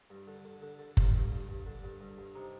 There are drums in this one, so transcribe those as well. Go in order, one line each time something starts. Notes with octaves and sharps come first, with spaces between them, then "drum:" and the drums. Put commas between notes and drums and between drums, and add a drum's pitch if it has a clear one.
G2
D3
D3
D3
D3
G2 F4, drum: kick F#1
G2
G2
G2
D3
G2
G2
G2
C3 D#4